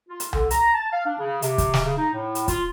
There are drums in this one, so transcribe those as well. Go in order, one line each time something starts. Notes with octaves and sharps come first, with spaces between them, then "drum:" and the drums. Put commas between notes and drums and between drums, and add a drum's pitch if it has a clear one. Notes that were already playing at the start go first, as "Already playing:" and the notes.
F4
drum: hi-hat
D3, drum: tom C2
A#5, drum: hi-hat
A5
F5
D4
C#3
C3, drum: hi-hat
drum: kick, hi-hat
drum: snare
C#3
D#4
A2
drum: hi-hat
F4, drum: kick, hi-hat